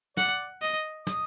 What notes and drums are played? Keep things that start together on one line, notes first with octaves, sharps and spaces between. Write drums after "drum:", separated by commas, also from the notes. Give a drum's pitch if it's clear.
D5 F#5, drum: snare
D#5
D#5, drum: snare